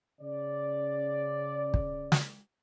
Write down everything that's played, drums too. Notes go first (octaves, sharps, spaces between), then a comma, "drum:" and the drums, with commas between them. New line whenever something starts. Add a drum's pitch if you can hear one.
C#3 D5
drum: kick
drum: snare